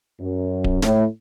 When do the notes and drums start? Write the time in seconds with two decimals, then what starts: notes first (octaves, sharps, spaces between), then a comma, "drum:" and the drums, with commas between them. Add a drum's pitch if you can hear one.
0.20 F#2
0.64 drum: kick D1
0.82 A2, drum: snare